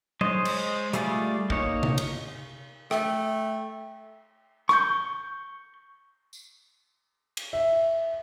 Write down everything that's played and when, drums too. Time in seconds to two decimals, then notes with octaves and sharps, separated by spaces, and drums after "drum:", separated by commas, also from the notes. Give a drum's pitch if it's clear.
0.21 G#3 C5 C#5 D#5, drum: tom F#3
0.45 drum: cymbal
0.93 G3 A3 F4 G#4 D5, drum: hi-hat
1.50 A#3 D#4 C#5, drum: kick
1.83 drum: tom C3
1.98 drum: cymbal
2.91 A3 G5, drum: rim click
4.69 C#6 G6, drum: rim click
6.33 drum: tambourine
7.37 drum: cymbal
7.53 E5